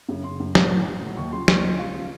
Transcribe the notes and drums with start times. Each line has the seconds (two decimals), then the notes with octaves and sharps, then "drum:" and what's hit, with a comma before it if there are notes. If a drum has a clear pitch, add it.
0.09 F#2 C#3
0.24 F#1 C6
0.40 F#2 C#3
0.55 A1, drum: snare
0.71 A2 F#3
0.86 A1
1.01 A2 F#3
1.17 D#2 C#6
1.33 C#3 F3 C6
1.48 D#2 C#6, drum: snare
1.64 C#3 F3 D#5
1.79 C#2 F5
1.95 C#3 F3